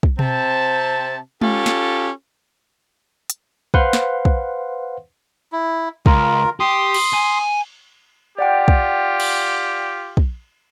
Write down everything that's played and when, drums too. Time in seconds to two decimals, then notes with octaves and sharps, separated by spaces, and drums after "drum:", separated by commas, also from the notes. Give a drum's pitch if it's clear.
0.03 drum: kick
0.19 C3 C4 A5, drum: tom B2
1.42 C#4 F4 G4 A4, drum: tom G#3
1.66 drum: snare
3.30 drum: hi-hat
3.74 B4 C5 F5 F#5 C6, drum: kick
3.93 drum: snare
4.25 drum: kick
5.52 E4
6.06 C#2 F4 A#4, drum: kick
6.60 G4 C6 D#6
6.94 drum: cymbal
7.13 G#5
8.39 F4 G4 D5 F#5 G5
8.68 drum: kick
9.20 drum: cymbal
10.17 drum: kick